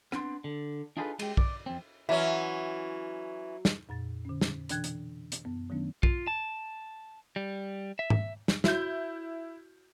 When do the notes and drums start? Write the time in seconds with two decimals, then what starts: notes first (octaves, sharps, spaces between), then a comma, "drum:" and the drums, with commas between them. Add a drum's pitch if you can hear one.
0.12 B3 C4 D4 C6, drum: rim click
0.44 D3
0.97 D4 D#4 F4 G#4 A4 B4
1.19 G#3 G4, drum: cymbal
1.37 D5, drum: kick
1.66 F2 C4
2.09 E3 F#3 C#4 E5
3.65 drum: snare
3.89 F2 A#2 A6
4.25 D3 C#4
4.41 drum: snare
4.69 B2 E3 D4 G5 F#6 G#6, drum: hi-hat
4.84 drum: hi-hat
5.32 drum: hi-hat
5.45 F#2 B3
5.70 D#3 F#3 A3 B3 C#4 D4
6.03 F4, drum: kick
6.27 A5
7.36 G3
7.99 E5
8.10 drum: tom G#2
8.48 drum: snare
8.64 E4 F#4 C#5 G6, drum: snare